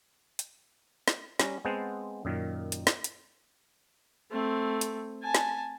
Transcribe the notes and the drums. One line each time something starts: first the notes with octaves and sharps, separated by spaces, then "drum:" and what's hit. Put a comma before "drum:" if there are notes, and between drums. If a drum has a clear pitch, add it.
drum: hi-hat
drum: snare
G3 C#4 A#5, drum: snare
G#3 B3 C4 C5 F#5 A5
F#2 A#2 D#3
drum: hi-hat
drum: snare
drum: hi-hat
A3 C4
drum: hi-hat
G#5 A5
drum: snare